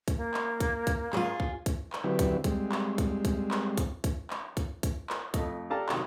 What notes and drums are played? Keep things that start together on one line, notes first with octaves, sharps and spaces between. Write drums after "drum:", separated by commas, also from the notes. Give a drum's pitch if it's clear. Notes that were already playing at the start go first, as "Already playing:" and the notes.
drum: kick, hi-hat
A#3
drum: clap
drum: kick, hi-hat
drum: kick, hi-hat
F4 G#4, drum: clap
drum: kick
drum: kick, hi-hat
drum: clap
D3 F#3 C4 E4 G4 B4
drum: kick, hi-hat
G3 G#3 C4, drum: kick, hi-hat
drum: clap
drum: kick, hi-hat
drum: kick, hi-hat
drum: clap
drum: kick, hi-hat
drum: kick, hi-hat
drum: clap
drum: kick, hi-hat
drum: kick, hi-hat
drum: clap
F2 A3 D#5, drum: kick, hi-hat
D4 G4 A4 F5 A5 A#5
C3 D#3 F#3, drum: clap